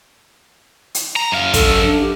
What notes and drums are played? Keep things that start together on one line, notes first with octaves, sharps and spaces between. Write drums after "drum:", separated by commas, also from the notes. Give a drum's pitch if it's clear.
drum: hi-hat
A#5
F#2 F5
A4, drum: kick, hi-hat
D4
G4